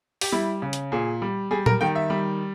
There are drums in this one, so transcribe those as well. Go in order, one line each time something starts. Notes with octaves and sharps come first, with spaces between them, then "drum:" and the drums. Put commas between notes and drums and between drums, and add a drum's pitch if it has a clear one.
G4, drum: open hi-hat
G3 E4
C#3
drum: hi-hat
A#2 G#4
G3
G3 G#4
A#4, drum: tom A#2
D#3 G5
E5
G3